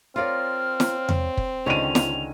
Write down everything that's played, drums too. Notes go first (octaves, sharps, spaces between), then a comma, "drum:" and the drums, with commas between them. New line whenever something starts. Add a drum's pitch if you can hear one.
C4 F4 A#4 C#5 D5 F5 F6
drum: snare
drum: tom E2
drum: kick
C#2 D3 D#3 C#4 D#7 F7
drum: snare